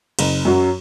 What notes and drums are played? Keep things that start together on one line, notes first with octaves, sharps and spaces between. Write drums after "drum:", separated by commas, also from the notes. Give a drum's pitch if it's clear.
F#1, drum: cymbal
F#2 F#3